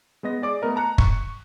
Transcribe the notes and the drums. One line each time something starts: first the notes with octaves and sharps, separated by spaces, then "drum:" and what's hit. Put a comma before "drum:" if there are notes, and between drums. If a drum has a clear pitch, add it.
G#3 B3 D#5 A#6
G#4 D5 D6
A3 B3 A#4 D#5
A5 A#5 F#6 C#7
C#6, drum: kick